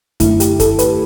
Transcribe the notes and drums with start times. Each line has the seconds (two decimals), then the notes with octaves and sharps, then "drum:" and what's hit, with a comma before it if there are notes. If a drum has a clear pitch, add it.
0.20 F#2 D3 A3 E4, drum: kick, hi-hat
0.40 G4, drum: hi-hat
0.60 A4, drum: kick, hi-hat
0.79 B4, drum: hi-hat